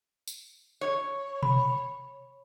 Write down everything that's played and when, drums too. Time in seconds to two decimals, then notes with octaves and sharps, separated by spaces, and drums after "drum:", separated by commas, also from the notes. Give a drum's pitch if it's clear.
0.28 drum: tambourine
0.81 C#5
1.43 B5, drum: tom B2